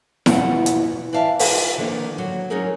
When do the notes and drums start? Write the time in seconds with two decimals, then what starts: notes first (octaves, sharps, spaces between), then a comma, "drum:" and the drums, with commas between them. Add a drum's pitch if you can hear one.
0.26 E2 B2 F3 F#3 E4 F#5, drum: snare E4
0.66 drum: hi-hat
1.13 E3 D5 E5 F5 A5
1.39 F4 A4 B4, drum: open hi-hat
1.78 D3 D#3 F3 A#3 D4
2.18 F#3
2.50 F#3 C#4 D#4 G#4 A#4